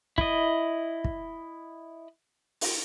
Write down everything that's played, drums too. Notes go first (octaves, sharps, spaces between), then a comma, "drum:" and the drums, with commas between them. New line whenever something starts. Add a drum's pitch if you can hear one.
E4 D#5, drum: kick
drum: kick
drum: open hi-hat